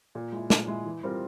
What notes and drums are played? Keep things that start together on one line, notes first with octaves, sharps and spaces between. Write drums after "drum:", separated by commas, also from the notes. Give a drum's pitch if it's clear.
A#2
G#3 E4
A#2, drum: snare
G#3 E4
E3
G3 C4 F4 A#4